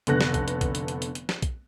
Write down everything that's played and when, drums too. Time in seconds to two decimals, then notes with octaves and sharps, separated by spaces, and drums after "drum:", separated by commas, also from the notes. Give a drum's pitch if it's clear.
0.07 F1 D3 B3 A4 F#6 A#6, drum: hi-hat
0.21 drum: snare
0.34 drum: kick, hi-hat
0.48 drum: hi-hat
0.61 drum: kick, hi-hat
0.75 drum: hi-hat
0.88 drum: hi-hat
1.02 drum: hi-hat
1.15 drum: hi-hat
1.29 drum: snare
1.42 drum: kick, hi-hat